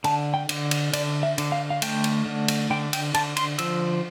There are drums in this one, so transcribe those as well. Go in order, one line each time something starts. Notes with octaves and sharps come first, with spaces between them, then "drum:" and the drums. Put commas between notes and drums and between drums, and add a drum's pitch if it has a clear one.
D3 A5, drum: cymbal
G5
D3, drum: cymbal
drum: cymbal
D3 D5, drum: cymbal
E5
D3, drum: cymbal
F5
F5
A3 G5, drum: cymbal
drum: cymbal
D3
drum: cymbal
D3 G5
G5, drum: cymbal
D3 A5, drum: cymbal
C6, drum: cymbal
F3 E6, drum: cymbal